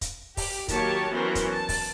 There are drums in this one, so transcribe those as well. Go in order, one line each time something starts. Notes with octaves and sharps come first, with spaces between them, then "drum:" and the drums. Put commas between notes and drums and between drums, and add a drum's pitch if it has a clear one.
drum: kick, hi-hat
G4, drum: kick, open hi-hat
D#3 F#3 A#3 G4 C#5 A5, drum: kick, hi-hat
E3 F#3 B3 C#4 A#4 C5
drum: kick, hi-hat
A5
drum: kick, open hi-hat